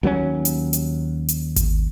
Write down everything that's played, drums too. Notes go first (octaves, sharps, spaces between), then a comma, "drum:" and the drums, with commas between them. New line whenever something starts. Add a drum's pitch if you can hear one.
D#2 F#3 A#3 C#4
drum: hi-hat
drum: hi-hat
drum: hi-hat
drum: kick G#1, hi-hat